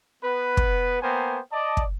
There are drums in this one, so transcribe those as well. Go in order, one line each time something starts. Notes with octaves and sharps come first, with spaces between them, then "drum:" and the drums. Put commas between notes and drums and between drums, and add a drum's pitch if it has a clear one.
B3 B4
drum: kick
A#3 B3 A#4 C5 G5 G#5
D5 D#5 A5
drum: kick